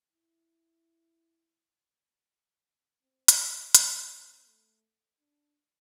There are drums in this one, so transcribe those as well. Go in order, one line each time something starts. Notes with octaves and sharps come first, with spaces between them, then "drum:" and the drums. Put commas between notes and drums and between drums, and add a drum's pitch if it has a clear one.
E4
C4
drum: hi-hat
C4
D4, drum: hi-hat
C4
A3
D4